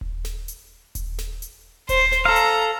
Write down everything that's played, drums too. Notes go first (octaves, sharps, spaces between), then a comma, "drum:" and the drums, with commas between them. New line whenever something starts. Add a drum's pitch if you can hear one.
drum: kick D#1
drum: snare
drum: hi-hat
drum: kick D#1, hi-hat
drum: snare
drum: hi-hat
C5, drum: kick D#1, hi-hat
drum: snare
A4 F5 A#5
drum: hi-hat